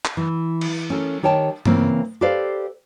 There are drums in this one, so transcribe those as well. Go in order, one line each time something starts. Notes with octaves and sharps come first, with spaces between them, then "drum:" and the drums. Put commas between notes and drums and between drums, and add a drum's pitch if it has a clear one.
drum: clap
E3
drum: cymbal
C#4 A4 A#4
D#3 G4 C#5 G5 A5
C#3 E3 A#3 C4, drum: tom G2
G4 A4 B4 C5 D5 F5